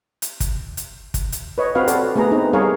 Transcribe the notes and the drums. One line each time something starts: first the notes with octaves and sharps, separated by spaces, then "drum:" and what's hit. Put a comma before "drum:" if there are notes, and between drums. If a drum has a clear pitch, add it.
drum: hi-hat
drum: kick G1, hi-hat
drum: hi-hat
drum: kick G1, hi-hat
drum: hi-hat
B4 C#5 D#5
C4 F#4 B4 F5
F#4 A4 D5, drum: hi-hat
A3 B3 G#4 B4 A#5
C4 D#4
G3 G#4 A#4 C#5 F5